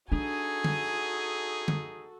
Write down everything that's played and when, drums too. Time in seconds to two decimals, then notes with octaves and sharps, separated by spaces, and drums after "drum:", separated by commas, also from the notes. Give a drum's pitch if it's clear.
0.12 D4 D#4 F#4 G#4 A4 G#5
0.64 drum: tom
1.68 drum: tom